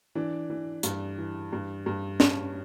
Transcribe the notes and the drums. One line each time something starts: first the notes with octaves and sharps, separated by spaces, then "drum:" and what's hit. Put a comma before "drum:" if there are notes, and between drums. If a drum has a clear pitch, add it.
E3 D4
E3
G2, drum: hi-hat
E3
G2
G2
G2 C#4, drum: snare